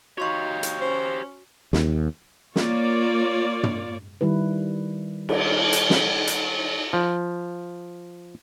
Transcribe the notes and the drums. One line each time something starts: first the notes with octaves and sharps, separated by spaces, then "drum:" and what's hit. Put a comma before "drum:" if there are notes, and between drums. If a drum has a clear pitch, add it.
D#4 F#4 G4 C#5 F5 C6 C#6
drum: hi-hat
C#4 C5
D#2, drum: snare
A#3 F4 C#5 D5, drum: snare
drum: tom
D#3 G3 E4 B4
drum: cymbal
drum: hi-hat
drum: snare
drum: hi-hat
F3